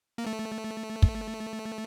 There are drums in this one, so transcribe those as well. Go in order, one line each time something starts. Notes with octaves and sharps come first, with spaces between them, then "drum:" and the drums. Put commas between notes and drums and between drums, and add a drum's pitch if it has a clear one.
A#3
A3
drum: kick